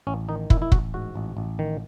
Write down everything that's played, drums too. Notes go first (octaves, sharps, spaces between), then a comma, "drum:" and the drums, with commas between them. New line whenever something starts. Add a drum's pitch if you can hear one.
A1 C#4
D#3 D#4
A1 E4, drum: kick
E4
A1 F#4, drum: kick
G#2 F#4
A1
A1
D#3